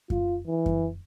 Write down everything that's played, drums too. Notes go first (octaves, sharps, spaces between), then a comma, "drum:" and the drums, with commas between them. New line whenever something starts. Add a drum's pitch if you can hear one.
F4, drum: kick F#2
E3
drum: kick F#2